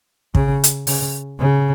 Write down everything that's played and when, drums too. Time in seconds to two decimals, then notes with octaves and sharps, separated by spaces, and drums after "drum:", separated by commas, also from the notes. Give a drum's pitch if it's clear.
0.35 C#3, drum: kick
0.64 drum: hi-hat
0.87 C#3, drum: open hi-hat
1.39 C#3